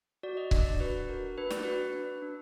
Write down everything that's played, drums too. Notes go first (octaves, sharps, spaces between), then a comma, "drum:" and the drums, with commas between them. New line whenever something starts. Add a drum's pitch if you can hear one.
F#4 D5
D#5
D4 D5, drum: kick C#1
D5
F#4 B4
F#4 A#4
D4 B4
D5, drum: snare
F#4 B4
D4
D4